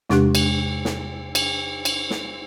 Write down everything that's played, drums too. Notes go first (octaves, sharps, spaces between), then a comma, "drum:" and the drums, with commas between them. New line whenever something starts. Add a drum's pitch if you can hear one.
E2 C3 G#3 D4 G4 F#6, drum: snare
drum: cymbal
drum: snare
drum: cymbal
drum: cymbal
drum: snare